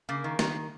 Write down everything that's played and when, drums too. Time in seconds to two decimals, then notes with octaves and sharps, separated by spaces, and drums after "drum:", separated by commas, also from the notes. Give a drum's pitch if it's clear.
0.09 C#3 A#3
0.24 D#3
0.39 D#3, drum: snare